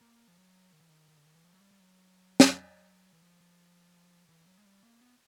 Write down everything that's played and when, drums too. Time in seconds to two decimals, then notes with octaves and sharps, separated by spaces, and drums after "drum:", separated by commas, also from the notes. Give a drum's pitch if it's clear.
0.01 A#3
0.28 F3
0.38 F#3
0.72 D#3
0.80 E3
0.89 D#3
1.08 D#3
1.17 D3
1.26 D#3
1.35 E3
1.44 F3
1.54 F#3
1.61 G3
1.71 G3
1.80 F#3
2.40 drum: snare
3.13 E3
3.22 F3
3.41 F3
4.29 E3
4.46 F#3
4.58 G#3
4.65 G3
4.83 A#3
5.01 B3